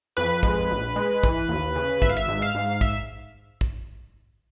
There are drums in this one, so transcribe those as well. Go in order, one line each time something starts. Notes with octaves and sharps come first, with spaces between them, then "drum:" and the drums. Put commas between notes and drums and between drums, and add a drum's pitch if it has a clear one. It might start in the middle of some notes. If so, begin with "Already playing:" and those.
F2 B4
G#3, drum: kick
A#1
G#3
E3, drum: kick
D#2
C#3
G#1 E5, drum: kick
F5
E5
G#2
F5
G#2
E5, drum: kick
drum: kick